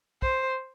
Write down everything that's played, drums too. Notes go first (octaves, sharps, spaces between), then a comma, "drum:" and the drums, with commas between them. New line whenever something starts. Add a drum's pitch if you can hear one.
C5, drum: kick